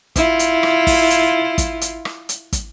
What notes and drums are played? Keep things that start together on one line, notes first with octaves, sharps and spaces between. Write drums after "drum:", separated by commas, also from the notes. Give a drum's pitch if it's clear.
E4 F4, drum: kick, hi-hat
drum: hi-hat
drum: rim click
drum: kick, open hi-hat
drum: hi-hat
drum: kick, hi-hat
drum: hi-hat
drum: rim click
drum: hi-hat
drum: kick, hi-hat